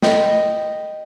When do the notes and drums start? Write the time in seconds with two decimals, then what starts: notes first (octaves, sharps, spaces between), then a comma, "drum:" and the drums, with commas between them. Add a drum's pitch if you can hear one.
0.02 D#5 G5 B5, drum: snare